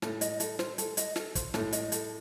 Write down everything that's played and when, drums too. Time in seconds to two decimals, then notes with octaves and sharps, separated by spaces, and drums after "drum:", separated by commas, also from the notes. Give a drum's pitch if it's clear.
0.02 A2 A4, drum: snare
0.21 D#5, drum: hi-hat
0.40 A4, drum: hi-hat
0.59 C5, drum: snare
0.78 A4, drum: hi-hat
0.97 D#5, drum: hi-hat
1.16 A4, drum: snare
1.35 C5, drum: kick, hi-hat
1.54 A2 A4, drum: snare
1.73 D#5, drum: hi-hat
1.92 A4, drum: hi-hat